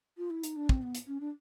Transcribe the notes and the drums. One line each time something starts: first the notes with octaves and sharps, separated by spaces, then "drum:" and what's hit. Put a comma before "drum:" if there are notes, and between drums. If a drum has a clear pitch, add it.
F4
E4
D#4, drum: hi-hat
D4
C4, drum: kick
B3
drum: hi-hat
C#4
D4